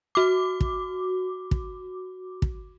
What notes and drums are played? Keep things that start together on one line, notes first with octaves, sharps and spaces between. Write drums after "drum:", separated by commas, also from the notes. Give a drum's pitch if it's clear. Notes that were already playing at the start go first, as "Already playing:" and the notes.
F#4 D6
drum: kick
drum: kick
drum: kick